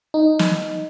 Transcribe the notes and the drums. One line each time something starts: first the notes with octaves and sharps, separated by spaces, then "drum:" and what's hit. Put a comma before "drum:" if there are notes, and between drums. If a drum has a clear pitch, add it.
D#4
drum: snare